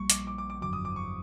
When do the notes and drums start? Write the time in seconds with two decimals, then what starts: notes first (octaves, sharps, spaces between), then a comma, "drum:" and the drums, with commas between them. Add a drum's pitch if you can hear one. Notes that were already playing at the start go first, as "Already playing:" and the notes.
Already playing: A#1 A#2 G3 C#6
0.10 D6, drum: hi-hat
0.27 D6
0.38 D6
0.50 D6
0.62 G1 F2 D3 F#3 D6
0.73 D#6
0.85 D6
0.96 C#6